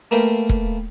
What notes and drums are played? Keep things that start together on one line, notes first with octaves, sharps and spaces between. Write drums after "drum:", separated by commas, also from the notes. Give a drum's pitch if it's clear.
A3 A#3 A#4 B4 F5 G5
drum: kick E1